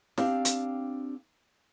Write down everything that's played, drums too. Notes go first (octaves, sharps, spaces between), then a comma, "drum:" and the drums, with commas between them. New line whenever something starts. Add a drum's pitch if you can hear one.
C4 D4 G4 F5, drum: snare
drum: hi-hat